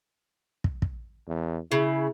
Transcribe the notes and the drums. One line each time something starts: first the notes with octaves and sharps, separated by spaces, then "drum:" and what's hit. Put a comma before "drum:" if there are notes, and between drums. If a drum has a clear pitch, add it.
drum: kick
drum: kick
E2
C#3 E4